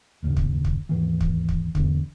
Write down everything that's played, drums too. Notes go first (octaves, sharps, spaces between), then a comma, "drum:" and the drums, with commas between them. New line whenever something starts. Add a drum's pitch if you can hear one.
F#1 D#2 G#2 C#3
drum: kick
drum: kick
D#2 G#2 E3
drum: kick
drum: kick
G#1 E2 B2 D3, drum: kick